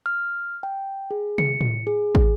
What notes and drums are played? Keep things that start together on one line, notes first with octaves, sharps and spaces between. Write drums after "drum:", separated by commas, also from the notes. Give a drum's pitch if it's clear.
F6
G5
G#4
C#7, drum: tom
drum: tom A2
G#4
drum: kick